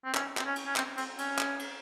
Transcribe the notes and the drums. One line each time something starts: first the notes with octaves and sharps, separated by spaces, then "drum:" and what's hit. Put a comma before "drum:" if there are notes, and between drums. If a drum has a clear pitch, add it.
C4
C#4, drum: clap
C4, drum: clap
C#4
drum: cymbal
C#4
C4, drum: clap
C4, drum: cymbal
C#4, drum: cymbal
drum: clap
drum: cymbal